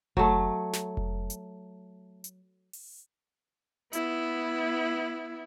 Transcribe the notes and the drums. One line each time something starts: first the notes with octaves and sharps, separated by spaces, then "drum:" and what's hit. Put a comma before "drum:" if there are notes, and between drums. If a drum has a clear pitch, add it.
F#3 A3, drum: kick F1
drum: snare
drum: kick F1
drum: hi-hat
drum: hi-hat
drum: open hi-hat
B3 E4, drum: hi-hat